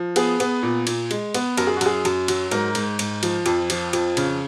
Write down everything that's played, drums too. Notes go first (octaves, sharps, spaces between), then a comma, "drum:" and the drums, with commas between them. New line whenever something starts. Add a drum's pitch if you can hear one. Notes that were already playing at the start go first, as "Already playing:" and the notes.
Already playing: F3
B3 G#4, drum: cymbal
B3, drum: cymbal
A#2
A#2, drum: cymbal
G#3, drum: cymbal
B3, drum: cymbal
F#2 A#4, drum: cymbal
G#4
F#4
F#2 G#4, drum: cymbal
F#2, drum: cymbal
F#3, drum: cymbal
G#2 A#4, drum: cymbal
G#2, drum: cymbal
G#2, drum: cymbal
F3, drum: cymbal
F2, drum: cymbal
F3, drum: cymbal
F2, drum: cymbal
C#3, drum: cymbal